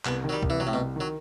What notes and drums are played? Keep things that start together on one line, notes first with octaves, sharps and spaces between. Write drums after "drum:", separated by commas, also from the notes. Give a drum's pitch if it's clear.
C2 B3, drum: clap
D#3
F#3
G3
C2, drum: kick C#2
E3
C3 F#3
A2
B2
C2
D#3 F#3